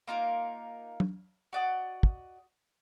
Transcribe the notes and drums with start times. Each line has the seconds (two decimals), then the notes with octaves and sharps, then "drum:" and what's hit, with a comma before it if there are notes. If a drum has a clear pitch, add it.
0.08 A#3 D#4 F4 A#4
1.00 drum: tom
1.53 F#4 D5 D#5
2.03 drum: kick